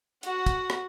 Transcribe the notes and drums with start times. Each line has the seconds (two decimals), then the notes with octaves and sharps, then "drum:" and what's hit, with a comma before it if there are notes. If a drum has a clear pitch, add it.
0.23 F#4 F#5, drum: hi-hat
0.46 drum: kick, hi-hat
0.70 drum: rim click